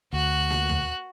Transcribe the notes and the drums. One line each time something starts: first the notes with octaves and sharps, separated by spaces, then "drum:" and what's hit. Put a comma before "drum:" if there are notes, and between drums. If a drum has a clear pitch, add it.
D2 F#4 F#6
drum: snare A#3
drum: tom D#2